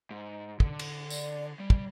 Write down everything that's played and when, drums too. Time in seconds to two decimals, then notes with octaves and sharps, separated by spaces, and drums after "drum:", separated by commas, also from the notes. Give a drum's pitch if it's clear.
0.11 G#2
0.60 D3, drum: kick
0.79 drum: cymbal
1.10 D5, drum: tambourine
1.60 G3
1.70 drum: kick